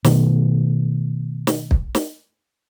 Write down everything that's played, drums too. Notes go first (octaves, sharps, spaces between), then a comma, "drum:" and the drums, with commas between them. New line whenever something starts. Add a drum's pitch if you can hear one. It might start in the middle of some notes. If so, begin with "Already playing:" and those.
B2 D#3 A3, drum: snare
drum: snare
drum: kick
drum: snare